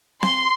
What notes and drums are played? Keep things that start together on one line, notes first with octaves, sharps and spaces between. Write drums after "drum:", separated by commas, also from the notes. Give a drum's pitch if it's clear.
C6, drum: snare C4